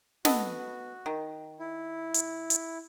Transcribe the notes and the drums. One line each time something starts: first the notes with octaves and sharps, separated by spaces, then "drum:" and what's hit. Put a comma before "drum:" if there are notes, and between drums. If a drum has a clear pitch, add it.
B3 F#4 A4 D#5, drum: snare
D#3
E4
drum: hi-hat
drum: hi-hat